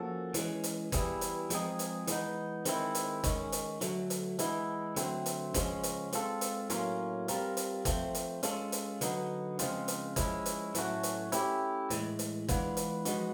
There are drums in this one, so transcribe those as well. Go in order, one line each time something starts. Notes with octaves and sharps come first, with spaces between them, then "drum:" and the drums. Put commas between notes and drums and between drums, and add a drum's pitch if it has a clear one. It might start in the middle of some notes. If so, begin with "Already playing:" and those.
Already playing: F3 A#3 C#4 F#4 A4
E3 G#3 C#4, drum: hi-hat
drum: hi-hat
E3 G3 B3 E4 G#4, drum: kick, hi-hat
drum: hi-hat
F3 G#3 C4 D#4 G#4, drum: hi-hat
drum: hi-hat
E3 G#3 B3 D#4, drum: hi-hat
D#3 G#3 C4 E4, drum: hi-hat
drum: hi-hat
D#3 G#3 C#4, drum: kick, hi-hat
drum: hi-hat
D3 F#3 A3, drum: hi-hat
drum: hi-hat
E3 G#3 B3 E4, drum: hi-hat
D3 F#3 A3 C4, drum: hi-hat
drum: hi-hat
C#3 F3 G#3 C#4, drum: kick, hi-hat
drum: hi-hat
G#3 C4 F4 A4, drum: hi-hat
drum: hi-hat
A2 F#3 A#3 C#4 F4, drum: hi-hat
G3 C4 F4 A#4, drum: hi-hat
drum: hi-hat
F3 A3 C4, drum: kick, hi-hat
drum: hi-hat
G#3 C#4 F4 A4, drum: hi-hat
drum: hi-hat
D3 F#3 B3 D#4, drum: hi-hat
C#3 F3 G#3 C4 F4, drum: hi-hat
drum: hi-hat
F3 G#3 C#4 E4, drum: kick, hi-hat
drum: hi-hat
A2 F#3 A3 C#4 F#4, drum: hi-hat
drum: hi-hat
A3 C#4 E4 G4, drum: hi-hat
A2 E3 G#3, drum: hi-hat
drum: hi-hat
E3 G#3 B3 D4 F4, drum: kick, hi-hat
drum: hi-hat
F3 G#3 B3 D#4 F#4, drum: hi-hat